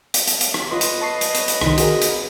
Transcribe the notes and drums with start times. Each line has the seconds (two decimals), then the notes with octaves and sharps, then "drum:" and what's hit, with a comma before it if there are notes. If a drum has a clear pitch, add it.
0.14 drum: hi-hat
0.27 drum: hi-hat
0.41 drum: hi-hat
0.54 drum: rim click
0.71 F4 B4 D#5 C6
0.81 drum: hi-hat
1.01 A5 C#6 C7
1.21 drum: hi-hat
1.35 drum: hi-hat
1.48 drum: hi-hat
1.61 C2 D#3, drum: rim click
1.78 F#4 G#4 A#4, drum: hi-hat
2.02 drum: hi-hat